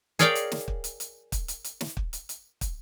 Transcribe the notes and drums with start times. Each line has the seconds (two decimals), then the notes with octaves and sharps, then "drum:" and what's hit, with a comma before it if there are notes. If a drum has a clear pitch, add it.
0.19 G#4 A#4 C#5 D5 F5 G5, drum: hi-hat
0.35 drum: hi-hat
0.52 drum: snare
0.68 drum: kick
0.84 drum: hi-hat
1.00 drum: hi-hat
1.32 drum: kick, hi-hat
1.48 drum: hi-hat
1.64 drum: hi-hat
1.81 drum: snare
1.97 drum: kick
2.13 drum: hi-hat
2.29 drum: hi-hat
2.61 drum: kick, hi-hat